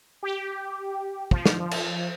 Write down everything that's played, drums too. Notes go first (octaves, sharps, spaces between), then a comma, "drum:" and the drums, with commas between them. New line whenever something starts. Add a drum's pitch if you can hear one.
G4
F3, drum: kick
drum: snare
drum: cymbal